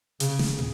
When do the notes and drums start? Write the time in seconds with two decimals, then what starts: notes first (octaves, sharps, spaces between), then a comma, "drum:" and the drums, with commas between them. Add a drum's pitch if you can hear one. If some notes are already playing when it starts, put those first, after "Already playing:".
0.20 C#3, drum: hi-hat
0.39 drum: snare
0.59 drum: tom